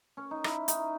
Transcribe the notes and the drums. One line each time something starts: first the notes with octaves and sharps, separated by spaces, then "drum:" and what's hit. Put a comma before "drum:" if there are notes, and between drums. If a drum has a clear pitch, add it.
C#4
D#4
E4, drum: rim click
D#4, drum: hi-hat